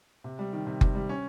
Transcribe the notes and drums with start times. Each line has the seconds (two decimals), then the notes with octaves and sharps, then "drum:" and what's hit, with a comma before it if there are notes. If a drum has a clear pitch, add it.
0.24 C3
0.39 G3
0.53 D#3
0.66 C3
0.81 C3, drum: kick F#1
0.95 G3
1.09 C#4